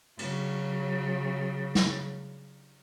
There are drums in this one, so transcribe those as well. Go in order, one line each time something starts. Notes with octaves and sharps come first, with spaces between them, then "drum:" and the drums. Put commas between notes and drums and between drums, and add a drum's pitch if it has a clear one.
C#3 F#3, drum: cymbal
drum: snare